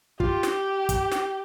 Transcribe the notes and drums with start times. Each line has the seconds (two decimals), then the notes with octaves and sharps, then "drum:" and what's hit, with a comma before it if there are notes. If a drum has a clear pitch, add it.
0.20 F4 G4, drum: kick
0.43 drum: snare
0.89 drum: kick, hi-hat
1.12 drum: snare